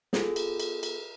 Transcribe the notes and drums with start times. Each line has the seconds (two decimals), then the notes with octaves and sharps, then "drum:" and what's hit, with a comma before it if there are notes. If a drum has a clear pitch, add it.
0.13 B3 F4 G#4 A4, drum: snare
0.36 drum: cymbal
0.60 drum: cymbal
0.83 drum: cymbal